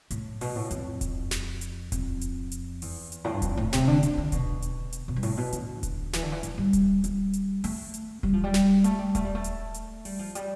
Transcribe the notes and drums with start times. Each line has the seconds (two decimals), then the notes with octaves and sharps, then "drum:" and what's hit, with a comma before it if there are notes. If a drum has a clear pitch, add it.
0.11 A2, drum: hi-hat
0.41 B2, drum: open hi-hat
0.56 A2
0.71 F2, drum: hi-hat
1.01 drum: kick D#1, hi-hat
1.31 drum: snare
1.61 drum: hi-hat
1.92 F2, drum: kick D#1, hi-hat
2.21 drum: hi-hat
2.52 drum: hi-hat
2.82 E2, drum: open hi-hat
3.12 drum: hi-hat
3.25 A2
3.34 G2
3.42 F2, drum: kick D#1, hi-hat
3.57 A2
3.73 C3, drum: snare
3.87 D3
4.03 D3, drum: hi-hat
4.18 D3
4.32 B2, drum: kick D#1, hi-hat
4.62 drum: hi-hat
4.92 drum: hi-hat
5.08 B2
5.16 G2
5.23 A2, drum: open hi-hat
5.37 B2
5.53 D3, drum: hi-hat
5.83 drum: kick D#1, hi-hat
6.13 E3, drum: snare
6.22 D3
6.32 E3
6.43 E3, drum: hi-hat
6.58 G3
6.73 drum: kick D#1, hi-hat
7.04 G3, drum: hi-hat
7.33 drum: hi-hat
7.64 A3, drum: open hi-hat
7.94 drum: hi-hat
8.23 G3, drum: kick D#1
8.33 F3
8.44 G3
8.54 drum: snare
8.84 A3, drum: hi-hat
8.99 G3
9.15 A3, drum: kick D#1, hi-hat
9.25 G3
9.35 A3
9.44 drum: hi-hat
9.74 drum: hi-hat
10.05 G3, drum: open hi-hat
10.19 F3
10.35 G3, drum: hi-hat